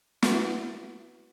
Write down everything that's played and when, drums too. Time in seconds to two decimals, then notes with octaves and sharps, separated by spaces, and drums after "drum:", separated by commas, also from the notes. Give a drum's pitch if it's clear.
0.22 E4 F#4 B4 F#5, drum: snare